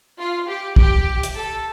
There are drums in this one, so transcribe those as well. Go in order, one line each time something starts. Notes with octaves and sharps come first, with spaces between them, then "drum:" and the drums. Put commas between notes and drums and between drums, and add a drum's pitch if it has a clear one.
F4
G4
G4, drum: kick
drum: hi-hat
A4